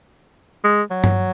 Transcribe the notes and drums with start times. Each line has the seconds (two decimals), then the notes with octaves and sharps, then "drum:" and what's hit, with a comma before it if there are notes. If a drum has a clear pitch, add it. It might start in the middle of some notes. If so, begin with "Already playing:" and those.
0.64 G#3
0.91 F#3
1.04 drum: tom G2